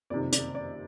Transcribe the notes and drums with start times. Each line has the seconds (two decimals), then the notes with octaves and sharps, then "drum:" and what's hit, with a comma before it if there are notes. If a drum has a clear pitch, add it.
0.10 F#1 F2 C3 D#3 D5
0.32 D5, drum: hi-hat
0.55 D5